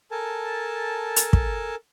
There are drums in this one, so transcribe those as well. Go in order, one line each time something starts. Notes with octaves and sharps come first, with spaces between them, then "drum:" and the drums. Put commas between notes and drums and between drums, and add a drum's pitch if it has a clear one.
A4 A#4 G#5 A5
drum: hi-hat
drum: kick